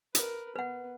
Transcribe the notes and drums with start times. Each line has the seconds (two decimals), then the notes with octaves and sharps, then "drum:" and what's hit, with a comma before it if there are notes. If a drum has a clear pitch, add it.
0.15 A#4 B4, drum: hi-hat
0.56 B3 B4 F#5